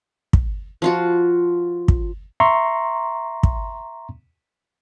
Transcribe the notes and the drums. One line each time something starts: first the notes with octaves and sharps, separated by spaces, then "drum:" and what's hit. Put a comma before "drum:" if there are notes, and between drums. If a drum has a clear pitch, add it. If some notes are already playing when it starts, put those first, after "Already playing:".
drum: kick
F3 F4 F#4
drum: kick
E5 A#5 C6 C#6
drum: kick